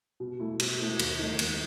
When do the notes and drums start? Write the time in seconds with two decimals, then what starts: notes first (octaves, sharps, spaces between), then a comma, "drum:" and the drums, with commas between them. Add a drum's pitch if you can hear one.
0.20 B2
0.40 A3 E4
0.60 B2, drum: cymbal
0.80 A3 E4
0.99 D#2, drum: cymbal
1.19 D#3 A3 D#4
1.39 D#2, drum: cymbal